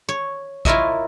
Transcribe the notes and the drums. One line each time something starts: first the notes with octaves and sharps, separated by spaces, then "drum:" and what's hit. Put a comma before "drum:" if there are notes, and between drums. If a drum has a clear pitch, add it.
C#5
E4 F4 A#4 C#5 D#5 E5, drum: kick